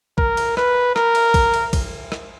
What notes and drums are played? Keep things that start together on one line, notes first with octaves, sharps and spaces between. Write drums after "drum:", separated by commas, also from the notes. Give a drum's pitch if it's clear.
A#4, drum: kick
drum: cymbal
B4, drum: rim click
A#4, drum: rim click
drum: cymbal
drum: kick, cymbal
drum: cymbal
drum: kick, cymbal
drum: rim click